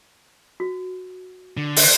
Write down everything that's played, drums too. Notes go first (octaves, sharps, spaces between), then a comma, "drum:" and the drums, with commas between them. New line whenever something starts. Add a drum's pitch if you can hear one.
F#4
D3
drum: open hi-hat